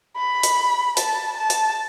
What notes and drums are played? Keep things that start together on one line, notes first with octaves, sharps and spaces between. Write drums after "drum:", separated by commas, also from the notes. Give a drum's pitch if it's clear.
B5
drum: hi-hat
A5, drum: hi-hat
A5
drum: hi-hat